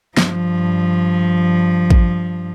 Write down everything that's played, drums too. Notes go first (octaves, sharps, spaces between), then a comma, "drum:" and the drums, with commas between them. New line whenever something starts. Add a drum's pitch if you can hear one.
G2 F3, drum: snare
drum: kick A1